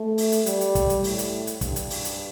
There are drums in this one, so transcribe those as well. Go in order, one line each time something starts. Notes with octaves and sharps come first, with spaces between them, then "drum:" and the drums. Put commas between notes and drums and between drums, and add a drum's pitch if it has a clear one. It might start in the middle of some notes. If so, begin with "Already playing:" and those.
Already playing: A3
drum: open hi-hat
drum: hi-hat
G3, drum: hi-hat
drum: hi-hat
drum: kick, hi-hat
drum: hi-hat
A2, drum: open hi-hat
drum: hi-hat
drum: hi-hat
G2, drum: kick, hi-hat
drum: hi-hat
drum: open hi-hat
drum: hi-hat